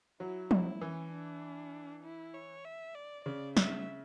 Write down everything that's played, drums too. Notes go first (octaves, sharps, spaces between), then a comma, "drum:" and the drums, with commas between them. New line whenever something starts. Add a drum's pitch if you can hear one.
F#3 E4
E4, drum: tom F3
E3 C#4
D4
E4
C#5
E5
D5
C#3 D5
E5, drum: snare